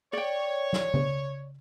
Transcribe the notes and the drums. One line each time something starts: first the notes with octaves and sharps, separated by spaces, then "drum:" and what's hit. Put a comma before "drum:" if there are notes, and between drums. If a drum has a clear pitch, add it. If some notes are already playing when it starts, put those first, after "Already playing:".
C#5 D5 G5
drum: snare
drum: tom C#3